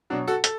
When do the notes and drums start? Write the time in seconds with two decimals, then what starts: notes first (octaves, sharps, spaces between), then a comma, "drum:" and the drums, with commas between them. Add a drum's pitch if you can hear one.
0.10 B2 F#3 D4 F#4
0.28 F#4 A4
0.44 A4, drum: hi-hat